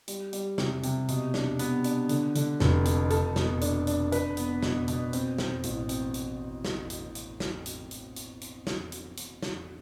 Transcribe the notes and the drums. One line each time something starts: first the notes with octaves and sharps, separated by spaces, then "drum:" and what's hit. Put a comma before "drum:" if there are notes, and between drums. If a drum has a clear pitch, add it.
G3, drum: hi-hat
G3, drum: hi-hat
C3, drum: snare
C3, drum: hi-hat
B2, drum: hi-hat
D4, drum: snare
B3, drum: hi-hat
D4, drum: hi-hat
D3, drum: hi-hat
D3, drum: hi-hat
F1, drum: snare
F2, drum: hi-hat
A4, drum: hi-hat
B2, drum: snare
D4, drum: hi-hat
D4, drum: hi-hat
B4, drum: hi-hat
B3, drum: hi-hat
B2, drum: snare
B2, drum: hi-hat
C4, drum: hi-hat
C4, drum: snare
A1, drum: hi-hat
C4, drum: hi-hat
drum: hi-hat
drum: snare
drum: hi-hat
drum: hi-hat
drum: snare
drum: hi-hat
drum: hi-hat
drum: hi-hat
drum: hi-hat
drum: snare
drum: hi-hat
drum: hi-hat
drum: snare